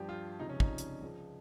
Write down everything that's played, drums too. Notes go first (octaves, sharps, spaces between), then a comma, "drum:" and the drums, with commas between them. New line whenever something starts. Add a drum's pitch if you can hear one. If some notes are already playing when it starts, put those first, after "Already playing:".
Already playing: G2 F3 G4
F4
C#2 C3 F3 D#4
C#4
D#4, drum: kick
drum: hi-hat
C#2 C#3 F3